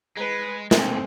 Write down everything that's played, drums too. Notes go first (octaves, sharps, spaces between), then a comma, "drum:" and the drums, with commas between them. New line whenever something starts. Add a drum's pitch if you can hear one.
G#3 B4
D#2 C4, drum: snare